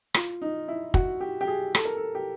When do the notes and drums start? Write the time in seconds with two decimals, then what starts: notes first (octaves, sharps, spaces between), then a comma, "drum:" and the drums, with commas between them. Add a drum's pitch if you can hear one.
0.14 F4, drum: rim click
0.42 D#4
0.68 E4
0.94 F#4, drum: kick
1.21 G4
1.41 G4
1.47 G#4
1.75 A4, drum: rim click
1.85 A#4
1.97 A4
2.15 G4